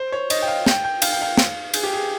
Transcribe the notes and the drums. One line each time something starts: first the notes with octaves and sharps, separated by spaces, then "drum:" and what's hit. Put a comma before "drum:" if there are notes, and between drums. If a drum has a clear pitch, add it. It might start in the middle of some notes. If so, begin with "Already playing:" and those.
Already playing: C5
C#5
D#5, drum: cymbal
G5
F5
G5, drum: snare
G5
F5, drum: cymbal
G5
F5
drum: snare
G#4, drum: cymbal
G4
G#4